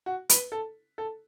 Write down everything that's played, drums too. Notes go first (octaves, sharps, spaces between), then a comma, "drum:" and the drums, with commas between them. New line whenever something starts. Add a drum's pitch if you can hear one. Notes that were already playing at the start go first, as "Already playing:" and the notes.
F#4
B4, drum: hi-hat
A4
A4